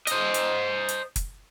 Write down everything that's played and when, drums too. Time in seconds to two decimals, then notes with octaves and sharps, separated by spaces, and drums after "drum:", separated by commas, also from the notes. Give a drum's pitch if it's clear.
0.07 C5 D#5, drum: hi-hat
0.34 drum: hi-hat
0.89 drum: hi-hat
1.16 drum: kick, hi-hat